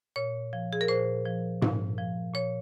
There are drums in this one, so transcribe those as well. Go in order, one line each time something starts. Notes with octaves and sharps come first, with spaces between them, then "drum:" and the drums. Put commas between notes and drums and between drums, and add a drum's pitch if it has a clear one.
A#2 C#5
F3
G#4
A#4
A#2 C5
F3
A#2, drum: tom G#2
F3
A#2 C#5